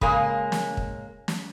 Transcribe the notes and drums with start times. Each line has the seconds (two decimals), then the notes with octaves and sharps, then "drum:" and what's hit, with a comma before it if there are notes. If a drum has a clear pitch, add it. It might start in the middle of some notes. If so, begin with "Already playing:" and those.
0.01 C#3 G#3 A#3 G#5, drum: kick
0.52 drum: snare
0.77 drum: kick
1.28 drum: snare